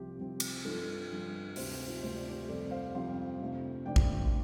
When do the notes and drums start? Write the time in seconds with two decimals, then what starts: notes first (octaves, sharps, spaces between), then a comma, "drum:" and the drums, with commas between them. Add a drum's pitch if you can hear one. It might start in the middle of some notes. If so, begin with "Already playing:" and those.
Already playing: C2 C3 F3 C4 G4
0.18 C2 C3 F3 C4
0.40 drum: cymbal
0.65 G2 F3 D4 F4 A4
1.10 G2 F3 D4
1.56 D2 C3 A3 C4 G4 C5, drum: open hi-hat
1.71 G4
1.88 F4
2.03 D2 C3 A3 C4 C5
2.16 D5
2.29 G4 C5
2.48 F2 C3 G3 C4 A4 D5
2.71 C5 F5
2.95 F2 C3 G3 C4 C5 F5
3.40 F2 C3 A3 D4
3.86 F2 C3 A3 D4 D5 G5
3.96 drum: kick A1